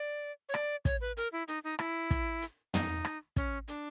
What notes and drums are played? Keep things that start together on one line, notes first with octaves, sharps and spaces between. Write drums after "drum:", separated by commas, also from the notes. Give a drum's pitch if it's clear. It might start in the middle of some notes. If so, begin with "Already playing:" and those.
Already playing: D5
C#5
D5, drum: rim click
C#5, drum: kick, hi-hat
B4
A#4, drum: hi-hat
E4
D#4, drum: hi-hat
D#4
E4, drum: rim click
drum: kick, hi-hat
drum: hi-hat
D#4, drum: tom
drum: rim click
C#4, drum: kick, hi-hat
D4, drum: hi-hat